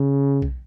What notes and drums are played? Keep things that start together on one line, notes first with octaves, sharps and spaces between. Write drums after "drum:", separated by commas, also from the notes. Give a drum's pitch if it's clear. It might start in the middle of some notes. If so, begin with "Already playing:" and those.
Already playing: C#3
drum: kick B1